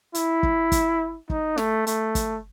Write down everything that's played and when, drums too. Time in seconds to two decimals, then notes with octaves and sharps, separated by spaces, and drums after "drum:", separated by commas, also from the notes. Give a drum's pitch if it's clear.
0.15 E4, drum: hi-hat
0.43 drum: kick
0.72 drum: kick, hi-hat
1.30 D#4, drum: kick
1.58 A3, drum: snare
1.87 A3, drum: hi-hat
2.15 drum: kick, hi-hat